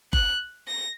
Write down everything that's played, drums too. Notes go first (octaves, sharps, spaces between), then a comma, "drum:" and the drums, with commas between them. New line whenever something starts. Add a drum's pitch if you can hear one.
F#6, drum: kick F#1
A#6